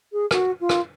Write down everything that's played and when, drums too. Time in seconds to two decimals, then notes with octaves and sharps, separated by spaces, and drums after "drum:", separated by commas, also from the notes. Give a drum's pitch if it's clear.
0.12 G#4
0.31 F#4, drum: rim click
0.60 F4
0.69 drum: rim click